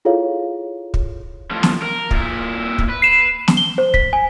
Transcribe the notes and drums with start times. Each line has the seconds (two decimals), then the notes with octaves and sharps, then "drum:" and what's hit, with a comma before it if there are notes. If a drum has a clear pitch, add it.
0.05 E4 F4 G#4 A4 C#5 F5
0.94 drum: kick
1.51 A2 F3
1.63 drum: snare
1.82 A#4
2.11 A#2 E4, drum: kick
2.78 drum: kick
2.89 B4
3.02 C7 E7
3.48 drum: snare
3.57 G7
3.78 C5
3.94 B6, drum: kick
4.13 G#5